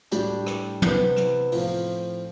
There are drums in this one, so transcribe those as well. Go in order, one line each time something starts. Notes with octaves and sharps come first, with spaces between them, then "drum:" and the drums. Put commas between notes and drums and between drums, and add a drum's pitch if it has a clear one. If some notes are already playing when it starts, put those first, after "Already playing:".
A2 G3 D4 G4, drum: hi-hat
drum: rim click
C3 E3 B3, drum: tom
drum: rim click
A2 F3 C4 F4, drum: open hi-hat